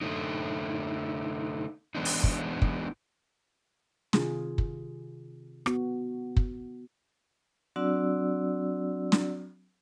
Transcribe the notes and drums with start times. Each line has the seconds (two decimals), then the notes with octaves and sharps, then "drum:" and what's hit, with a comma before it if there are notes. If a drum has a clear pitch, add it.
0.01 D3 A3 D#4
1.95 E3 G#3 B3 D4 D#4
2.05 drum: open hi-hat
2.23 drum: kick
2.62 drum: kick
4.13 C3 D#3 F4 G#4, drum: snare
4.58 drum: kick
5.66 B3 F#4, drum: rim click
6.37 drum: kick
7.76 F#3 C4 D4 F#4 D5 E6
9.12 drum: snare